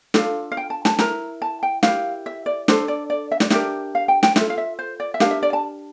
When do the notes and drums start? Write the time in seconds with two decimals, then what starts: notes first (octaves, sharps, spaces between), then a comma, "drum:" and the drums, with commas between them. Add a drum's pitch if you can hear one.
0.14 D4 F4 A4 F5, drum: snare
0.52 F5
0.57 G5
0.70 A5
0.85 A5, drum: snare
0.99 E4 A#4 A#5, drum: snare
1.42 A5
1.63 G5
1.83 E4 G4 A#4 F5, drum: snare
2.26 E5
2.46 D5
2.68 D4 A4 C5, drum: snare
2.88 D5
3.10 D5
3.32 E5
3.40 D5, drum: snare
3.50 D4 G4 A#4 E5, drum: snare
3.95 F5
4.08 G5
4.23 G5, drum: snare
4.36 F4 A4 E5, drum: snare
4.50 F5
4.58 E5
4.79 C5
5.00 D5
5.14 E5
5.20 D4 G4 A#4 F5, drum: snare
5.31 E5
5.43 D5
5.53 A5